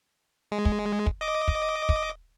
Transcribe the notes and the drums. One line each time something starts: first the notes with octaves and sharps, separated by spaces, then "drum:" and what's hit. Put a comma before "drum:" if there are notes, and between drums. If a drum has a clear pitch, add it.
G#3
drum: kick
drum: kick
D#5 D6
drum: kick
drum: kick